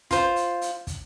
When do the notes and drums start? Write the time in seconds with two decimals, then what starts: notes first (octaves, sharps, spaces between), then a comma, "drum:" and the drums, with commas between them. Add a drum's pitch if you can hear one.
0.11 F4 C5, drum: kick, hi-hat
0.36 drum: hi-hat
0.61 drum: hi-hat
0.87 drum: kick, hi-hat